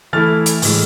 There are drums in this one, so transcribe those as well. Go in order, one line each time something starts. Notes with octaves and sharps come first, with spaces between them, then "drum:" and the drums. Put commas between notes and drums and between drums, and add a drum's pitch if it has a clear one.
E3 A3 E4 F6 A6
drum: hi-hat
A2 E3 G#3, drum: open hi-hat